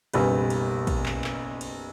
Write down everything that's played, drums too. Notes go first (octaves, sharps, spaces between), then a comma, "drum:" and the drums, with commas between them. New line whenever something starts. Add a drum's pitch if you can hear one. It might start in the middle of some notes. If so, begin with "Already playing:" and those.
F#1 B1 G3 B4, drum: cymbal
drum: cymbal
drum: kick A#1, cymbal
drum: clap
drum: clap
drum: cymbal